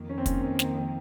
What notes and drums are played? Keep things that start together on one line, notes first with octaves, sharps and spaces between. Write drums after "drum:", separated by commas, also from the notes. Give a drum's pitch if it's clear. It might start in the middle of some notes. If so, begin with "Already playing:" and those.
Already playing: F2 D#3 A#3
C#4
C4
C#4, drum: kick, hi-hat
C4
C4, drum: snare
C4